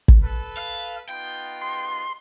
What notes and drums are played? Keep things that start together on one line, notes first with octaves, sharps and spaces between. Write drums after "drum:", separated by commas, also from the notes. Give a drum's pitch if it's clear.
drum: kick
A4 B4
F5
B3 D#4 F4 G5
C6